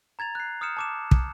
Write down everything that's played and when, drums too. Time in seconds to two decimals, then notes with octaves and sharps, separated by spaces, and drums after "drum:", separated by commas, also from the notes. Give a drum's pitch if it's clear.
0.19 A#5 G#6 A6 F7
0.35 F#6 C7
0.61 D#6 F6 G6 C#7 E7
0.77 A5 D6 E7
1.11 drum: kick